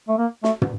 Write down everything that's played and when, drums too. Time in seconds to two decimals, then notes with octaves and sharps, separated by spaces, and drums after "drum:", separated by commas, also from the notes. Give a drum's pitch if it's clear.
0.09 A3
0.19 A#3
0.44 A3, drum: snare
0.62 drum: tom